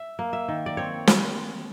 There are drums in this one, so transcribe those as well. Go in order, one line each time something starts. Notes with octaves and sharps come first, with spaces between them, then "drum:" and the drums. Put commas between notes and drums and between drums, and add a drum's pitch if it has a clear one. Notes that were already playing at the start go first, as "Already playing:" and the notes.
Already playing: E5
A#3
E5
D#3
D5
C4 C#5
G3, drum: snare